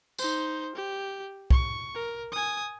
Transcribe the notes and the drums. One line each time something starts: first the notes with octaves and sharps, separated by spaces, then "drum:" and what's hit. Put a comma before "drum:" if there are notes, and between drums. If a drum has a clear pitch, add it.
D#4 C5, drum: tambourine
G4
C#6, drum: kick
A#4
G#5 D#6